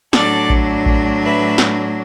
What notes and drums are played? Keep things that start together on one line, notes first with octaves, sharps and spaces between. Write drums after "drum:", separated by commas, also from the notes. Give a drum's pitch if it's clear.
A2 F#3 D4 A4 D5, drum: snare
drum: kick A1
drum: kick A1
B4 E5
drum: snare